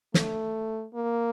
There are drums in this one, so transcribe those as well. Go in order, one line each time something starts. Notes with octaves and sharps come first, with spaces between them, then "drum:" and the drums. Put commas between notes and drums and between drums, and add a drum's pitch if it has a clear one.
A3, drum: snare
A#3